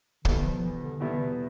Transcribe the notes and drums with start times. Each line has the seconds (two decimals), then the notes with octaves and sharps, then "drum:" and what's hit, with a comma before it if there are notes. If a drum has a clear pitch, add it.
0.25 E2 B2 D3 G3 B3 E4, drum: kick
0.44 F3
0.63 E3
0.82 D3
1.00 E2 B2 D3 G3 B3 E4
1.19 C3